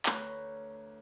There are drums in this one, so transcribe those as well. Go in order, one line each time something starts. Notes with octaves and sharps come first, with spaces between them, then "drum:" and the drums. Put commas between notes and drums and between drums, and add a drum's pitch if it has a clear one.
D2 B4 C#5 A#5, drum: clap